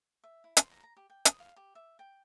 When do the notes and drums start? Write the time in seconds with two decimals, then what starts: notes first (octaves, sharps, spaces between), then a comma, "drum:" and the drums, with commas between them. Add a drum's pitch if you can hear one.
0.24 E5
0.44 E4
0.57 C6, drum: hi-hat
0.72 A#5
0.84 A#5
0.97 G4
1.10 G5
1.25 D#6, drum: hi-hat
1.40 F5
1.56 G4
1.75 E5
1.99 G5